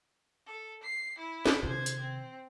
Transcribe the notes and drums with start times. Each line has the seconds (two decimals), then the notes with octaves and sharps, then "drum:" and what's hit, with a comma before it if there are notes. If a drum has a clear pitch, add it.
0.47 A4
0.83 C7
1.19 E4
1.46 drum: snare
1.63 C3 D#3 C5 G#6
1.86 drum: hi-hat
2.00 C4